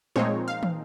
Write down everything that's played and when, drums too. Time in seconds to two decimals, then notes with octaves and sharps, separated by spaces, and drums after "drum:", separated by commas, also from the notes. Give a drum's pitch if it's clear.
0.16 A#2 F3 G#3 C4 D#4 C#5, drum: tom G#3
0.48 F5
0.63 drum: tom